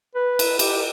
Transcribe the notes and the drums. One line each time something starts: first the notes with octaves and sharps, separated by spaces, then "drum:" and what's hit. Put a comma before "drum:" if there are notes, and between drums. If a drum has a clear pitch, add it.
B4
drum: cymbal
G4, drum: cymbal